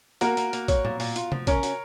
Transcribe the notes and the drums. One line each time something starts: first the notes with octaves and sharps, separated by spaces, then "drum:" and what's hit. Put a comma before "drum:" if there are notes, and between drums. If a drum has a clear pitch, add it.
A#3 F#4 A#4, drum: hi-hat
A#3, drum: hi-hat
A#3, drum: hi-hat
C#5, drum: kick A#1, hi-hat
A#2, drum: tom
A#2, drum: open hi-hat
F4, drum: hi-hat
F3, drum: tom C3
C#4 A#4 C#5, drum: kick A#1, hi-hat
F#4, drum: hi-hat